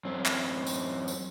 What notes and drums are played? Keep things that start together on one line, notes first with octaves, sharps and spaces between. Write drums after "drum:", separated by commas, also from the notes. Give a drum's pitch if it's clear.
F#2 C4
drum: clap
drum: tambourine
drum: tambourine